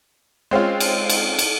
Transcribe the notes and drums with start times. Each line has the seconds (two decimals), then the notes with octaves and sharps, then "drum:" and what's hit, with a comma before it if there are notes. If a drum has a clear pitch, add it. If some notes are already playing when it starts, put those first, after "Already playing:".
0.51 G#3 C4 C#4 F4
0.80 drum: cymbal
1.09 drum: cymbal
1.39 drum: cymbal